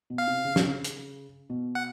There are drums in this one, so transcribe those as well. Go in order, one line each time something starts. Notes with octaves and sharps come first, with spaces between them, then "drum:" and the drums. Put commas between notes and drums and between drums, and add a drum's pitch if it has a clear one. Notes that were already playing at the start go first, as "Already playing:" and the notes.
B2
F5
C3
C#3
C3, drum: snare
C#3
drum: hi-hat
B2
F#5